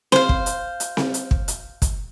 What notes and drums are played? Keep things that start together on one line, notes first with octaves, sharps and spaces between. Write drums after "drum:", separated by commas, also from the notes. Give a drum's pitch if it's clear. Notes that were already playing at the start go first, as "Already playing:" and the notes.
C5 F5, drum: snare C4
drum: kick
drum: hi-hat
drum: hi-hat
drum: snare C4
drum: hi-hat
drum: kick
drum: hi-hat
drum: kick, hi-hat